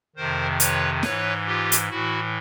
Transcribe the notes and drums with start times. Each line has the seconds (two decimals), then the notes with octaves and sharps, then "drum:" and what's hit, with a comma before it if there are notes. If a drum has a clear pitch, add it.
0.16 F2 C3 D#3 A#4 C5
0.60 B4 C#5, drum: hi-hat
1.03 G#2 E3 B4 C#5, drum: snare
1.47 F4 G4
1.72 drum: hi-hat
1.89 A2 E3 E4 F#4